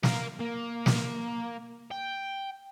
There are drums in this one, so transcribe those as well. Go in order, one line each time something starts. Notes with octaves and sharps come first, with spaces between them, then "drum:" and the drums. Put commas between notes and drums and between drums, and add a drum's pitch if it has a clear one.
A#4 F5, drum: snare
A#3
drum: snare
G5